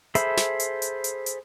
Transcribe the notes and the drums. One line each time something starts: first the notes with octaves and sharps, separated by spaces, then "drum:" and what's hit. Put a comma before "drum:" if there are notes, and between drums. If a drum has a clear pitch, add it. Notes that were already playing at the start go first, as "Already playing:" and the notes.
G#4 A4 C5 E5 B5, drum: hi-hat
drum: snare
drum: hi-hat
drum: hi-hat
drum: hi-hat
drum: hi-hat